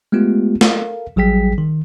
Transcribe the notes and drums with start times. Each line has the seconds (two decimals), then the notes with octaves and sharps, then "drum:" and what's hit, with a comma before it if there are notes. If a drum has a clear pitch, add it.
0.12 G#3 A3 B3 F4 G4
0.61 A4 A#4 F5, drum: snare
1.16 A1 F#3 G3 G#4 G5 B6
1.58 D#3